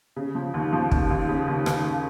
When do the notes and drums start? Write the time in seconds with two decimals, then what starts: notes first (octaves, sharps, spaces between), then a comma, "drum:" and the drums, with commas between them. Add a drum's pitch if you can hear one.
0.16 C#3
0.35 F3
0.54 D#2
0.72 F3
0.91 D#2, drum: kick
1.10 D#2
1.29 C#3
1.47 D#2
1.66 D#2, drum: rim click